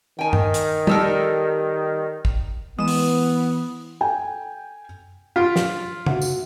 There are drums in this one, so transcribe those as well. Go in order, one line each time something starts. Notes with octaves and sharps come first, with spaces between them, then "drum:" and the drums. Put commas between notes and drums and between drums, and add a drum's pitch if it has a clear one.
D#3 G5 G#5
drum: tom G2
drum: hi-hat
G3 A4 A#4, drum: tom
drum: kick
E3 G#3 B3 D#6 E7
drum: open hi-hat
A4 G5 G#5
F4 B6 D7
drum: snare
F#4 E5 F#5, drum: tom C#3
drum: tambourine